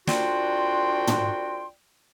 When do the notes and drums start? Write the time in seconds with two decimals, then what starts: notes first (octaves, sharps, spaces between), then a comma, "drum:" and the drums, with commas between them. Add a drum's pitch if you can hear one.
0.07 C2 D4 F4 F#4 G5 C6, drum: snare
1.07 drum: tom